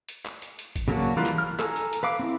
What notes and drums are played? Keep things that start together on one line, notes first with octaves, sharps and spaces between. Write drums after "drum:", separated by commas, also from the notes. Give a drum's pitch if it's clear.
drum: hi-hat
drum: clap
drum: hi-hat
drum: hi-hat
drum: kick G#1, hi-hat
C#3 F#3 A#3 D4 F#4
E3 G3 F4 A#4 B4
drum: clap
F6
A4 G#5 A#5, drum: clap
drum: hi-hat
drum: hi-hat
B4 F5 D6
C4 E4